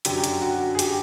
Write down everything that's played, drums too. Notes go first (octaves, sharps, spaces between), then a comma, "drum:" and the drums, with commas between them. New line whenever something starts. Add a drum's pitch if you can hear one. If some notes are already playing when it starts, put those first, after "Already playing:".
F#2 D3 F#3 G4, drum: hi-hat
drum: hi-hat
F#4
G#4
G4, drum: hi-hat